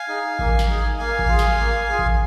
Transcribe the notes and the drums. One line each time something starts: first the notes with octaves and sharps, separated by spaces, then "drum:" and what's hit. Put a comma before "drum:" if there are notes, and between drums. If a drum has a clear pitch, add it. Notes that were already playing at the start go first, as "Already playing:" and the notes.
Already playing: F5 G#5
D#4 G#4
A#3, drum: kick A1
drum: snare
D#4 G#4
A#3 F5 G#5
drum: kick A1
F4 G#4
drum: snare
A#3
F4 G#4
drum: kick A1